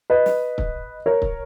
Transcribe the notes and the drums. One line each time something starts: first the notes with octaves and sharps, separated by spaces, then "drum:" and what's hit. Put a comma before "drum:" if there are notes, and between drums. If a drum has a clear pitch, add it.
B4 D#5
drum: snare
drum: kick
A#4 C#5
drum: kick